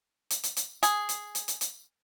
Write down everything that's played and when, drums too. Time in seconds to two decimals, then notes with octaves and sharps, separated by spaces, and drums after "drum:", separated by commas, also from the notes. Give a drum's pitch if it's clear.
0.30 drum: hi-hat
0.44 drum: hi-hat
0.57 drum: hi-hat
0.83 G#4, drum: hi-hat
1.09 drum: hi-hat
1.35 drum: hi-hat
1.48 drum: hi-hat
1.61 drum: hi-hat